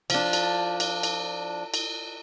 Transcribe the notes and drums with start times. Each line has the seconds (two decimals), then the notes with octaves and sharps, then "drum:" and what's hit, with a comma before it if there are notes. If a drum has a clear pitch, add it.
0.10 F3 D4, drum: cymbal
0.33 drum: cymbal
0.80 drum: cymbal
1.03 drum: cymbal
1.74 drum: cymbal